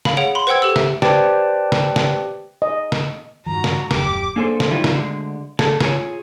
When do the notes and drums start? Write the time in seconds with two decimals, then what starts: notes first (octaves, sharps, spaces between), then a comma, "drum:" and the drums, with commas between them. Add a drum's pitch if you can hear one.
0.05 F5 B5, drum: snare
0.17 G#4 C#5 F#5 D7 F7
0.35 B5 C6
0.47 B4 C5 F#5 G5 E6 G#6
0.62 G4 A4 E6
0.76 E5, drum: snare
1.02 G4 B4 C5 D5 G5 A5, drum: snare
1.72 drum: snare
1.96 drum: snare
2.62 D#5
2.92 drum: snare
3.46 G2 D#3 F3 F#4 A#5
3.64 drum: snare
3.91 D#1 F#2 G4 D6, drum: snare
4.36 A#3 D4 G#4 A4 B4 C5
4.60 drum: snare
4.71 D#3 F3 G3 E4 F4
4.84 drum: snare
4.94 D2 D3 G#3
5.59 A3 G#4 A4, drum: snare
5.80 F4 G#4 C#5, drum: snare